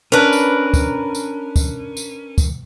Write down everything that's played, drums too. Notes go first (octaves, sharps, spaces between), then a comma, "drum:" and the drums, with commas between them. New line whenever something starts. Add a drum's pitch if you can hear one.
C#4 D4 A#4 B4
drum: tambourine
drum: kick, tambourine
drum: tambourine
drum: kick, tambourine
drum: tambourine
drum: kick, tambourine